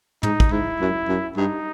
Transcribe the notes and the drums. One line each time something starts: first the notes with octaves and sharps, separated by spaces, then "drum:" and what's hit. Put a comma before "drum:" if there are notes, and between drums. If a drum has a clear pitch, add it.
G#2 D#4, drum: tom
drum: kick
G#2 E4
F#2
F#2
G2 D#4